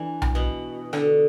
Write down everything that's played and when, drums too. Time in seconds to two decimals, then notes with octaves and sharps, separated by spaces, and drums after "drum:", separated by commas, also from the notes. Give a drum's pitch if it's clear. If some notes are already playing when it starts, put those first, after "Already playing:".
Already playing: E3 D4
0.22 drum: tom B1
0.35 B2
0.93 D3, drum: rim click